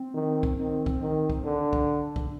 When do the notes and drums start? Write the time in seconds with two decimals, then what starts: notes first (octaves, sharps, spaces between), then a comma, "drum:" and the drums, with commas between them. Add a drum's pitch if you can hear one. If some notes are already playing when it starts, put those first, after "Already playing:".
Already playing: C4
0.14 D#3
0.43 drum: kick
0.57 D#3 C4
0.86 drum: kick
1.01 D#3
1.30 drum: kick
1.44 D3 D4
1.73 drum: kick
2.16 drum: kick